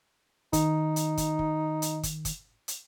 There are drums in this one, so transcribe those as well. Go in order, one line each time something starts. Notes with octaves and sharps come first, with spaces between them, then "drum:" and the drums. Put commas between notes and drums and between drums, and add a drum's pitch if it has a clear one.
D#3 D#4, drum: kick, hi-hat
drum: hi-hat
drum: kick, hi-hat
drum: kick
drum: hi-hat
drum: kick, hi-hat
drum: kick, hi-hat
drum: hi-hat